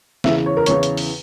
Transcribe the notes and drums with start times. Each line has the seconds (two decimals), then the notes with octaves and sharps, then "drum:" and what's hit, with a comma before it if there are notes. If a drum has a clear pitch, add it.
0.24 E2 C#3 E3 E5, drum: snare
0.46 C#5
0.57 A#4
0.66 E2 C#3 E3 C#5, drum: hi-hat
0.83 drum: hi-hat
0.97 drum: open hi-hat